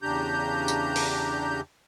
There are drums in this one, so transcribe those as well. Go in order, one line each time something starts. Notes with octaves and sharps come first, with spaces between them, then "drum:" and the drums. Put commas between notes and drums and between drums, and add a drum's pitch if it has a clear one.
E2 C#3 D4 G4 A#5 G6
drum: tambourine
drum: open hi-hat